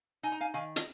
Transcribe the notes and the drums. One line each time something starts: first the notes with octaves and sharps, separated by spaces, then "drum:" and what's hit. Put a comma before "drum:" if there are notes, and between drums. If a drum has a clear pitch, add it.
D#4 G#5
A#5
F5 G#5
D#3 F5 G#5
D#5, drum: hi-hat